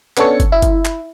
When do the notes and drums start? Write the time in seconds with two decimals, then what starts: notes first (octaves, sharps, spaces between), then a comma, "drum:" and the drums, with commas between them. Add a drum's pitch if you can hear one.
0.17 B3 C#4 D4 A4 C#5 C#7, drum: clap
0.40 drum: kick, hi-hat
0.52 E4
0.62 drum: kick, hi-hat
0.85 drum: clap